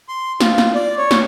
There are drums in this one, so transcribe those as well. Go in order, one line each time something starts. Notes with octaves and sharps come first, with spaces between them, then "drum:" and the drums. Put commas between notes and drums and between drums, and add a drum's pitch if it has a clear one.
C6
F4, drum: snare
drum: snare
D5
C#5
drum: snare